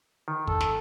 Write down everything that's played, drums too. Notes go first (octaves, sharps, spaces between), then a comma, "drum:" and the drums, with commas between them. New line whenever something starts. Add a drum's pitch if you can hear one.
D#3
A4, drum: kick
drum: snare